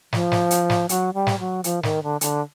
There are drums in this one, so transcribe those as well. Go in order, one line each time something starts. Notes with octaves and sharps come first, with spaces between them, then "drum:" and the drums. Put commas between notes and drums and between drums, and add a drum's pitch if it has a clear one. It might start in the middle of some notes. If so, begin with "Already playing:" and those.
F3, drum: snare
drum: snare
drum: hi-hat
drum: snare
F#3, drum: hi-hat
G3
drum: snare
F#3
F3, drum: hi-hat
D#3, drum: snare
D3
D3, drum: hi-hat